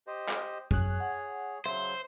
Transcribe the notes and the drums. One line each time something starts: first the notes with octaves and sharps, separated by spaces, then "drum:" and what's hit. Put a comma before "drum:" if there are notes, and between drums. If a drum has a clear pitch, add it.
G4 C5 D#5
drum: clap
F#2 G#4 C#5 F#6, drum: kick
F#5
C#3 F#3 C5 E5